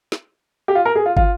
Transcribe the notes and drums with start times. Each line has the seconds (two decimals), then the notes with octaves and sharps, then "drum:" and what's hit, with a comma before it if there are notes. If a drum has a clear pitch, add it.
0.12 drum: snare
0.68 G4
0.75 F4
0.85 A#4
0.96 G#4
1.06 F4
1.17 F4, drum: kick